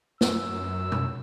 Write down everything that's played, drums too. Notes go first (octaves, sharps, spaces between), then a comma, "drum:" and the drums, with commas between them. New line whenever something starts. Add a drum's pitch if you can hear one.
F#2 E6, drum: snare
drum: tom B2